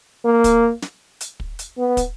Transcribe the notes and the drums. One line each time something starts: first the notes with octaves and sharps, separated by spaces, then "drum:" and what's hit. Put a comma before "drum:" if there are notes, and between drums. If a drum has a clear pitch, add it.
A#3
drum: kick, hi-hat
drum: snare
drum: hi-hat
drum: kick
drum: hi-hat
B3
drum: kick, hi-hat